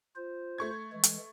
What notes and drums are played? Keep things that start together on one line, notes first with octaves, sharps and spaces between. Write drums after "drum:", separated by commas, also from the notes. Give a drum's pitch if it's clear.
F4 C5
A3 C#6 G#6
E3 G#3
drum: hi-hat